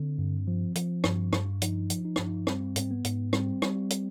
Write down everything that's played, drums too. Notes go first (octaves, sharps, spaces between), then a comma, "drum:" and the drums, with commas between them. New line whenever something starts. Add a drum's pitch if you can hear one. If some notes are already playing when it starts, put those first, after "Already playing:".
Already playing: D3 C4
G2
F3
F3, drum: hi-hat
G2, drum: rim click
G2, drum: rim click
F3 D#4, drum: hi-hat
F3, drum: hi-hat
D#4
G2 D4, drum: rim click
D#4
G3 C4, drum: rim click
G#2 C4, drum: hi-hat
B3
G#2, drum: hi-hat
G3 C4, drum: rim click
G3, drum: rim click
drum: hi-hat